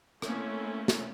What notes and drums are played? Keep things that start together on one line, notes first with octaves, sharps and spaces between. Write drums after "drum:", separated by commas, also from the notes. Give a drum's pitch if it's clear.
A3 A#3 C4 C#4 E4, drum: rim click
drum: snare